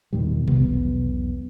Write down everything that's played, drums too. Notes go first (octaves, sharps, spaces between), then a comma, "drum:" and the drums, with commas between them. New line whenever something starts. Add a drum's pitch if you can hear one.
E2 B2 D#3 G3
E1 B1 B3, drum: tom B2